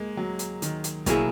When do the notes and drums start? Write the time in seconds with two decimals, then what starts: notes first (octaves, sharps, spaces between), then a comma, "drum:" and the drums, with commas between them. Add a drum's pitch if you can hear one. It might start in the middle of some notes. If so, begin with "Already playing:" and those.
Already playing: G#3 A#3
0.17 F#3
0.39 drum: hi-hat
0.62 D#3, drum: hi-hat
0.84 drum: hi-hat
1.06 B2 F#3 A#3 E4 G#4, drum: kick, hi-hat